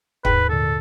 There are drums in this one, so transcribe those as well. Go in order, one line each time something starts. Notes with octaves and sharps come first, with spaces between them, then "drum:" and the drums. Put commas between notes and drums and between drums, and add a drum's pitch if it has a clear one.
D#2 G#2 B4, drum: kick
A#2 D3 A4
D3